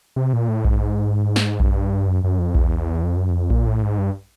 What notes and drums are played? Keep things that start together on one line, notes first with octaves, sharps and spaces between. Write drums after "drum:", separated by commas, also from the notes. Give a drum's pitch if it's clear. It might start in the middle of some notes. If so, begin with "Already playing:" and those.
C3
A#2
A2
G#2, drum: kick A#1
drum: snare
G2, drum: kick A#1
F#2
F#2
F2
E2, drum: kick A#1
F2
F#2
F2
A#2, drum: kick A#1
A2
G#2
G2